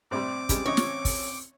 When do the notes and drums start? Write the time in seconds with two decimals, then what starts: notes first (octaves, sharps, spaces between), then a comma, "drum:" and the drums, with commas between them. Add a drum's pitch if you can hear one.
0.11 A2 C3 G3 C4 D5 C6 D6
0.49 C#3 G3 G#3, drum: kick, hi-hat
0.66 A1 C#3 C#5 D#5
0.77 drum: snare
1.05 drum: kick, open hi-hat